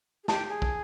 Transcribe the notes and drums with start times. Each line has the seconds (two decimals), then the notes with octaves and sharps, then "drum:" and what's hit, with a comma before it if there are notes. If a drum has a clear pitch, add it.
0.24 G#4
0.28 G4 A5, drum: snare
0.49 G#4
0.62 drum: kick